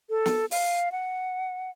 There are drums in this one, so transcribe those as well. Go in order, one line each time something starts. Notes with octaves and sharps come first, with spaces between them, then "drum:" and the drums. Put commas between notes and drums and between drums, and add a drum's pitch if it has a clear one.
A4
drum: snare
F5, drum: open hi-hat
F#5